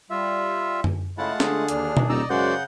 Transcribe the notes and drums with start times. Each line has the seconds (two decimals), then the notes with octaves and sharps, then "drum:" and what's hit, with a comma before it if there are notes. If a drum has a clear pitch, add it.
0.10 G3 F4 E5
0.84 drum: tom F#2
1.18 C#3 G#3 A3 E4 F4 F#5 A5
1.40 D3 G#4, drum: snare
1.68 D#2 D4 F6, drum: hi-hat
1.97 drum: tom B2
2.09 D#1 D#4 D5 D#5 A#5 E6
2.30 F#2 C#3 G#3 F#4 C5 D5 F#5 G6